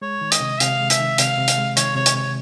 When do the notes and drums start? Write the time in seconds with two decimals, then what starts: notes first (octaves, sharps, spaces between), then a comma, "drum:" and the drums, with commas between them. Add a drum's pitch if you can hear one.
0.02 G#3 C#5
0.21 D#3
0.31 D#5, drum: hi-hat
0.40 C3
0.60 C3 F5, drum: hi-hat
0.80 G#3
0.90 E5, drum: hi-hat
1.00 D#3
1.18 C3 F5, drum: hi-hat
1.38 C3
1.47 drum: hi-hat
1.58 G#3
1.77 D#3 C#5, drum: hi-hat
1.95 C3 C#5
2.06 drum: hi-hat
2.15 C3 C#5